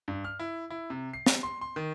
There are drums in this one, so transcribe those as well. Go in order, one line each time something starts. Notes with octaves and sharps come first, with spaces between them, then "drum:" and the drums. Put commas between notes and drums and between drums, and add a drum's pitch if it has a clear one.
G2
F6
E4
E4
C3
C7
drum: snare
C6
C6
D#3